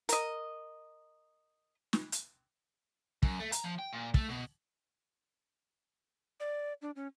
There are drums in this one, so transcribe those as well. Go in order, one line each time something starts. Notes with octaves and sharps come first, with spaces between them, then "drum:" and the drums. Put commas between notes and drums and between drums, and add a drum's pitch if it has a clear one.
A#4 D#5, drum: hi-hat
drum: snare
drum: hi-hat
F#2, drum: kick
A3
A#5, drum: hi-hat
F3
G5
A#2
A3, drum: kick
B2
D5
D4
C#4